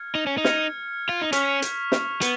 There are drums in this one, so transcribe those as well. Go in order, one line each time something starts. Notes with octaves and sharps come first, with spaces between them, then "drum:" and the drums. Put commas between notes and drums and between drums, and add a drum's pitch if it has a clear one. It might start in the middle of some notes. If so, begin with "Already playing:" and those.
Already playing: F6 G#6 C#7
D#4
C#4
D#4
F6 G#6 C#7, drum: snare
F4
D#4
C#4 C#6 F6 B6 F7, drum: hi-hat
drum: hi-hat
drum: snare
B3, drum: hi-hat